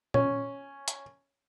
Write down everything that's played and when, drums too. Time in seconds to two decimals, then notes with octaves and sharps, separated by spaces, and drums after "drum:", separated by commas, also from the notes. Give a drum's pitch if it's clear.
0.14 C#4, drum: tom
0.88 drum: hi-hat